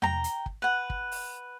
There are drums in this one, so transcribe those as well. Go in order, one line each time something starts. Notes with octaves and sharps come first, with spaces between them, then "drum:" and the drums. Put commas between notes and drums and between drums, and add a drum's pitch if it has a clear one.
G5 A#5, drum: tom E2
drum: hi-hat
drum: kick
B4 F#5
drum: kick
drum: open hi-hat